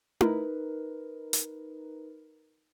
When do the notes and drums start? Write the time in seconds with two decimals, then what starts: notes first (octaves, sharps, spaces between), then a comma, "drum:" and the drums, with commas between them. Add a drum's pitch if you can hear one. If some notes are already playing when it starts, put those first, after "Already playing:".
0.21 D#4 A#4 B4, drum: tom E4
1.33 drum: hi-hat